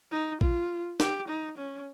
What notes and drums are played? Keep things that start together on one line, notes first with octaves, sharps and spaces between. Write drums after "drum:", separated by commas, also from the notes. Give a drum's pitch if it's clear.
D#4
F4, drum: kick A#1
G4, drum: snare
D#4
C#4